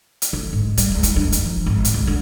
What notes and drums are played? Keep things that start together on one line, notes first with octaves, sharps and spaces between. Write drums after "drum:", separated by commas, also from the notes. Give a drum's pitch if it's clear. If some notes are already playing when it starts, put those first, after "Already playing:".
drum: hi-hat
D3
G#2
G3, drum: hi-hat
C#2
E4, drum: hi-hat
G2
D#4, drum: hi-hat
F3
G#1
drum: hi-hat
C#2
D3